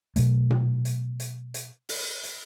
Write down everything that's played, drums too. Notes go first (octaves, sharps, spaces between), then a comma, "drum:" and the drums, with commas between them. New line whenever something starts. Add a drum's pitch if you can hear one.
B2 F#3 A3, drum: hi-hat
drum: tom A#2
drum: hi-hat
drum: hi-hat
drum: hi-hat
drum: open hi-hat
drum: hi-hat